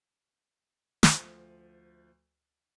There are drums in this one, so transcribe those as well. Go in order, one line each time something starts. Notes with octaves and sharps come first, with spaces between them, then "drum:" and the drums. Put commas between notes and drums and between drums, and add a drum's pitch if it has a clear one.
D2 F3 A3, drum: snare